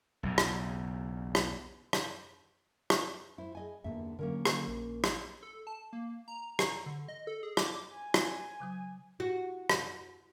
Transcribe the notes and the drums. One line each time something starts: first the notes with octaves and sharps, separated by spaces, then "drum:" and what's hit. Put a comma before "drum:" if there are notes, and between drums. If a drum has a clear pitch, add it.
B1 E2 C#3
drum: rim click
drum: rim click
drum: rim click
drum: rim click
E4 C5
G#4 D#5 G#5
E2 G2 D3 A#3 E5
D3 F#3 A#3 C#4 A#4
drum: rim click
A#1
drum: rim click
A4
A5
A#3
A#5
drum: rim click
D3
D#5
A4
G#4
D6, drum: rim click
G#5
drum: rim click
C#3 F#3 D#6
F#4
drum: rim click